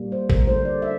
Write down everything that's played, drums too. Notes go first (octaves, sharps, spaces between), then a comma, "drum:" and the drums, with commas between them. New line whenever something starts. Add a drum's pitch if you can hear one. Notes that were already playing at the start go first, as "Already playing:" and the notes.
Already playing: A#2 G3 A#3
C5
A#4, drum: kick
D3 A3 C5
D5
E5